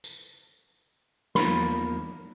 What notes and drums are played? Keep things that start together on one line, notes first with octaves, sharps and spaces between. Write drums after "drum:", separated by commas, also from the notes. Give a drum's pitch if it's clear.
drum: tambourine
E2 F3 A#3 B5, drum: snare